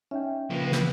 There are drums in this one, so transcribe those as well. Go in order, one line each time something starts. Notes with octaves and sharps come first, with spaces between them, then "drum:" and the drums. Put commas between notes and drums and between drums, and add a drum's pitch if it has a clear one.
C#4 D#4 E5 G5
C#3 F3 A#3 B4
drum: snare